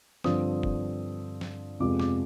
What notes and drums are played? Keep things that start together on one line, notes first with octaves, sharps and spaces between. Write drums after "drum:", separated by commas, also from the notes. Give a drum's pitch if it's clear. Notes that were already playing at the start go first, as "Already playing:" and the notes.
G2 D3 F3 C4 D#6, drum: snare
drum: kick
drum: snare
F2 C3 F3 G#3 B3 D6
D6, drum: snare